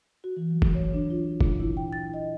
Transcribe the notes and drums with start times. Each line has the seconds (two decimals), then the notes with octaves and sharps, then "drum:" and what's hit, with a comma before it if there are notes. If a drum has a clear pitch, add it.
0.24 F#4
0.37 E3
0.51 F#3
0.62 drum: kick
0.75 C#5
0.94 D4
1.10 F4
1.41 A#2, drum: kick
1.60 E4
1.77 G5
1.93 A6
2.14 D#5